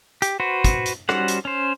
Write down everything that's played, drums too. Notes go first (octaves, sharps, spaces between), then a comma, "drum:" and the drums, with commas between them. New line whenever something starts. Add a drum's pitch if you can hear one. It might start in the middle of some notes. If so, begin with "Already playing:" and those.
G4, drum: hi-hat
F#4 B4 C5
drum: kick, hi-hat
drum: hi-hat
G3 C#4 F#4 C5 F#5, drum: rim click
drum: hi-hat
C#4 C5